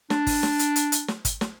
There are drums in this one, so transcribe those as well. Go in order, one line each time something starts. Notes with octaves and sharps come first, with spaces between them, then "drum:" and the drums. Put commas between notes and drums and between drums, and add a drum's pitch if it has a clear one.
D4, drum: snare
drum: kick, open hi-hat
drum: snare
drum: hi-hat
drum: hi-hat
drum: hi-hat
drum: snare
drum: kick, hi-hat
drum: snare